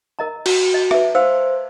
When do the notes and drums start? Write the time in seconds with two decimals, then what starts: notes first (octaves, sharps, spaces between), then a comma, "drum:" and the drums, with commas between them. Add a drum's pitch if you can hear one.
0.19 A#4 D#5 A#5
0.46 F#4, drum: cymbal
0.74 D#5
0.91 B4 E5, drum: rim click
1.15 C5 F5 E6